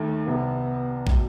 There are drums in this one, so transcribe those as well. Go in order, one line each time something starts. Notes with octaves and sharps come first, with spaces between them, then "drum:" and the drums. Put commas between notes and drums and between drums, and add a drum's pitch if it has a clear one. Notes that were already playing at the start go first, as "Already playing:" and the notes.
Already playing: D#2 D#3 A3
C2 C3 B3
A2, drum: kick
B2